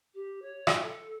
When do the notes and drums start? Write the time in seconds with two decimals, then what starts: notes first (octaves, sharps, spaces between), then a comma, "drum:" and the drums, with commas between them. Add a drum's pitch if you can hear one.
0.14 G4
0.42 C#5
0.67 drum: rim click
0.82 A4